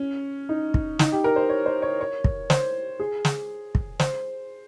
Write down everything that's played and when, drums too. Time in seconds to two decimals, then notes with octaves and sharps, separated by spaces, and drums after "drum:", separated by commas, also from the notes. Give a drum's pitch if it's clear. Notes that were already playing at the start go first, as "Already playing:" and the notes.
Already playing: C#4
0.49 D#4
0.74 drum: kick
0.99 D#4, drum: snare
1.12 G4
1.24 A#4
1.36 C5
1.49 C#5
1.66 C5
1.82 C#5
2.01 C#5
2.24 drum: kick
2.50 C5, drum: snare
3.00 G#4
3.25 drum: snare
3.75 drum: kick
4.00 C5, drum: snare